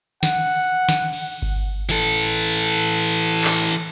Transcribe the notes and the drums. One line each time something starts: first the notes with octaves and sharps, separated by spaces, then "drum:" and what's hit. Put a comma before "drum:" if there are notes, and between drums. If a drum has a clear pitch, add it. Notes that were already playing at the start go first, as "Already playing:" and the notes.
F#5, drum: snare
drum: snare
drum: cymbal
drum: kick G1
E3 A4
drum: clap